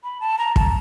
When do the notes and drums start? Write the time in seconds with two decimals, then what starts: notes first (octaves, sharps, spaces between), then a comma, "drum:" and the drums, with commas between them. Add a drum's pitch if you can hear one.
0.04 B5
0.21 A5
0.39 A#5
0.56 A5, drum: kick